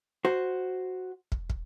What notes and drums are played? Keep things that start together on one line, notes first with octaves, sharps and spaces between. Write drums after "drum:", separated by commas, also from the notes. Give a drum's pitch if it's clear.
F#4 C5
drum: kick
drum: kick